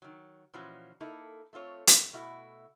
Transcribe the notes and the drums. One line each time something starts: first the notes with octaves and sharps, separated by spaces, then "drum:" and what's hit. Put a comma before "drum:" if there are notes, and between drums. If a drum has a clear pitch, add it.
D#3 F#3
A#2 E3 F3 C#4 F#4
A#3 D#4 E4 A4
A3 C4 F4 C#5
F#2, drum: hi-hat
B2 A3 E4 F#4